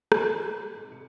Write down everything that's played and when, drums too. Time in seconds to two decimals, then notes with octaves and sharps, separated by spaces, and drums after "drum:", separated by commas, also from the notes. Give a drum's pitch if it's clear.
0.12 drum: rim click
0.42 G4
0.75 G#2 C3
0.91 F1 C#7